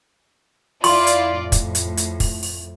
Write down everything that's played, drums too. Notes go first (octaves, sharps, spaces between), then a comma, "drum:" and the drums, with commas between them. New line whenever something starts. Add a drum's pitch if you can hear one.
F2 E4 F4 D5 C6, drum: open hi-hat
drum: hi-hat
A2
drum: kick, hi-hat
drum: hi-hat
drum: hi-hat
drum: kick, open hi-hat
drum: open hi-hat